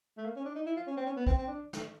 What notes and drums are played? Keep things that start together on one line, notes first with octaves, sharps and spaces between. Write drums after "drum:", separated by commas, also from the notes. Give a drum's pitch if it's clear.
A3
A#3
C#4
D4
D#4
E4
F4
C#4
C4
C#4
B3
C4, drum: kick
C4
D4
drum: snare